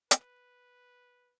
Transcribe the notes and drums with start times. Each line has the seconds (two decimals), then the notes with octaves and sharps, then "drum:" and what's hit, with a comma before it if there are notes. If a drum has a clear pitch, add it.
0.11 B4, drum: hi-hat